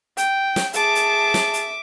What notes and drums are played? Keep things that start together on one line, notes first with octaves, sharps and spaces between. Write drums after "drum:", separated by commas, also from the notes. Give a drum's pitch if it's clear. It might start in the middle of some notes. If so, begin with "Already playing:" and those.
G5, drum: hi-hat
drum: snare
G#4 E5 A5 D6, drum: hi-hat
drum: hi-hat
drum: snare
drum: hi-hat